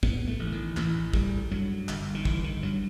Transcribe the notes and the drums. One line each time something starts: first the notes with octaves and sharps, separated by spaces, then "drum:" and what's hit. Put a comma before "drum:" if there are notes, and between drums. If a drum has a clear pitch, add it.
A2 B3, drum: kick
A3
A1
D#3
A1 E3, drum: clap
A2 G3, drum: kick
G2 F#3
G1, drum: clap
D#3
G1 E3, drum: kick
D#3
G2 F#3